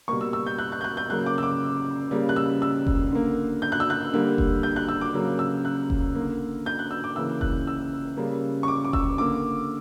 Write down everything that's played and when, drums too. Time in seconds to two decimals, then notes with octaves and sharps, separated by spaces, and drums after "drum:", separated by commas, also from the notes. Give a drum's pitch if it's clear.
0.08 B2 G3 A#3 C#6
0.21 E6
0.33 E6
0.47 G6
0.59 F#6
0.72 F#6
0.81 G6
0.84 F#6
0.97 G6
1.09 C#3 F#3 A#3 F#6
1.26 D6
1.38 E6
1.43 D6
2.11 C#3 G3 A#3
2.29 F#6
2.36 E6
2.62 E6
2.87 drum: kick F1
3.11 D3 A#3
3.62 G6
3.72 F#6
3.80 E6
3.90 F#6
4.13 D3 G3 A#3
4.38 drum: kick F1
4.63 G6
4.76 F#6
4.89 E6
5.01 D6
5.14 C#3 F#3 A#3
5.39 E6
5.65 F#6
5.90 drum: kick F1
6.15 D3 A#3
6.66 G6
6.79 F#6
6.91 E6
7.04 D6
7.16 C#3 E3 A#3 E6
7.41 F#6, drum: kick F1
7.67 E6
8.17 C#3 G3 A#3
8.63 C#6
8.68 D6
8.84 D6
8.93 E6, drum: kick F1
9.18 D3 A#3 D6